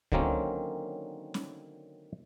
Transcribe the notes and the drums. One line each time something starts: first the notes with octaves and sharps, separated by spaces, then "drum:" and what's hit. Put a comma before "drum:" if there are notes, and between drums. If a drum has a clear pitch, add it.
D3 D#3 F#3 A#3 C4 C#4, drum: kick C#2
drum: snare